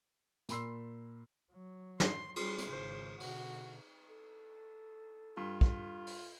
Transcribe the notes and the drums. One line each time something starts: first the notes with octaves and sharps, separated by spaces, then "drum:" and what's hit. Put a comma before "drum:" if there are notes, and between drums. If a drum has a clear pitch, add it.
A#2 A#4 B5 C6 E6 C7, drum: hi-hat
F#3
C6, drum: snare
G3 C#4 C6, drum: cymbal
drum: hi-hat
G#1 C#3 C5
B2 D3 F#4, drum: open hi-hat
A4
G2 F4
drum: kick
drum: open hi-hat